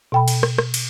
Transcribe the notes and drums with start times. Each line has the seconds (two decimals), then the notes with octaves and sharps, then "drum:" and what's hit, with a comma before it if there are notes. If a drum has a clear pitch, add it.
0.12 B2 G5 B5
0.28 drum: cymbal
0.43 drum: rim click
0.58 drum: rim click
0.74 drum: cymbal